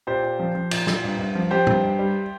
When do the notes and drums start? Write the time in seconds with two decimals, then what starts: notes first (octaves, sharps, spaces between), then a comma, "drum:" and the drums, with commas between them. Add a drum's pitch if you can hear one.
0.07 A#2 G4 C5
0.23 A#2
0.39 F3
0.55 F3
0.71 A#2, drum: cymbal
0.87 A#2, drum: snare
1.04 G2
1.19 G2
1.35 F3
1.51 F3 G4 C5
1.67 G2, drum: tom A2
1.83 G2
1.99 G3